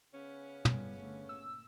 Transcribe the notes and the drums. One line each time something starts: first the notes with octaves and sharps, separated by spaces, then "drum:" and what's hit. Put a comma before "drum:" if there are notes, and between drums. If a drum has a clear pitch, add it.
C#3 B3 C#4
G1 G3, drum: tom
D3 A3
A#2 E6